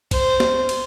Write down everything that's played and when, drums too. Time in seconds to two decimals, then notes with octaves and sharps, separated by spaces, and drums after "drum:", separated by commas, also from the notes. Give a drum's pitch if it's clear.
0.11 C5, drum: kick, cymbal
0.40 drum: snare
0.69 drum: cymbal